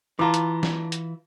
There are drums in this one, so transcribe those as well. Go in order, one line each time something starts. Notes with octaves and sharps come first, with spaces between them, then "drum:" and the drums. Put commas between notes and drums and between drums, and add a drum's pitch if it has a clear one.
E3 F4 A5 A#5 D6
drum: hi-hat
drum: snare
drum: hi-hat